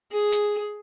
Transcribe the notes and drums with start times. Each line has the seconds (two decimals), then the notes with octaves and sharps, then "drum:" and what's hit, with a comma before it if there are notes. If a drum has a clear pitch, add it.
0.12 G#4
0.32 drum: hi-hat